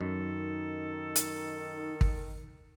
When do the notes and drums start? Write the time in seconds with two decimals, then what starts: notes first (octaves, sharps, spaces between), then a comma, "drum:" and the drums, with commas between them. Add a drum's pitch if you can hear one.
0.01 F#2 D#3 D#4 A4
1.16 drum: hi-hat
2.01 drum: kick